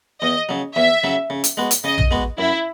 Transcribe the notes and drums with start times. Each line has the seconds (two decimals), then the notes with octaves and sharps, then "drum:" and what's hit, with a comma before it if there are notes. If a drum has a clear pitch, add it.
0.21 E2 D#5
0.49 C#3 F#3
0.76 E2 E5
1.04 C#3 F#3
1.30 C#3
1.44 drum: hi-hat
1.57 G#3 B3 F#4
1.71 drum: hi-hat
1.84 C#3 D#5
1.98 drum: tom
2.11 G#3 B3 F#4
2.38 F#2 E4